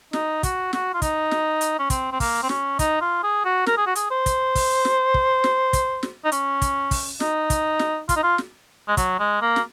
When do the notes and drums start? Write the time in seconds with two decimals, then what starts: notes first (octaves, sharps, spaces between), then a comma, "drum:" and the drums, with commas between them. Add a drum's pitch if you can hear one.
0.13 D#4, drum: snare
0.43 F#4, drum: kick, hi-hat
0.73 F#4, drum: snare
0.94 F4
1.02 D#4, drum: kick, hi-hat
1.31 drum: snare
1.61 drum: hi-hat
1.79 C#4
1.90 C4, drum: kick, hi-hat
2.12 C4
2.20 A#3, drum: kick, open hi-hat
2.43 C4
2.49 C#4, drum: snare
2.79 D#4, drum: kick, hi-hat
3.01 F4
3.23 G#4
3.44 F#4
3.66 A#4, drum: snare
3.77 G#4
3.87 F#4
3.95 G#4, drum: hi-hat
4.11 C5
4.26 drum: kick, hi-hat
4.55 drum: kick, open hi-hat
4.85 drum: snare
5.14 drum: kick
5.44 drum: snare
5.73 drum: kick, hi-hat
6.03 drum: snare
6.25 D#4
6.32 C#4, drum: hi-hat
6.62 drum: kick, hi-hat
6.91 drum: kick, open hi-hat
7.20 D#4, drum: snare
7.50 drum: kick, hi-hat
7.79 drum: snare
8.09 F4, drum: kick, hi-hat
8.16 D#4
8.23 F4
8.38 drum: snare
8.88 G#3
8.97 F#3, drum: kick, hi-hat
9.19 G#3
9.41 A#3
9.56 drum: snare